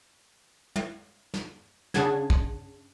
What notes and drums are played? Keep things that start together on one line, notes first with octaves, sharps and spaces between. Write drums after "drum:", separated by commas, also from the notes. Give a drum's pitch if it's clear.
drum: tom
drum: snare
C#3 D4 G#4 F#5 A5 G#6, drum: snare
drum: kick